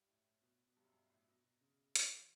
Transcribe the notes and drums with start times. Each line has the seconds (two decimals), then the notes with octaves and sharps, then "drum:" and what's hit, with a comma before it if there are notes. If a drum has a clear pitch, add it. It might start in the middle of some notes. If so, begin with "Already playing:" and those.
Already playing: G2
0.08 A2
0.25 A2
0.42 B2
0.67 B2
0.76 G2
0.84 F#2
0.93 G2
1.10 A2
1.27 B2
1.44 B2
1.61 C#3
1.96 F#3, drum: hi-hat
2.12 E3